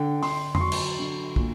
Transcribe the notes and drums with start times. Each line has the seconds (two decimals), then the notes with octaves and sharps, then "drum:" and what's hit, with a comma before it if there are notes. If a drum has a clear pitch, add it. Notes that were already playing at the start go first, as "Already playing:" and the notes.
Already playing: D3 G5
0.23 D3 C6, drum: open hi-hat
0.55 C6, drum: tom F2
0.60 F#3 C#6
0.72 drum: cymbal
0.99 D3
1.36 A#2, drum: kick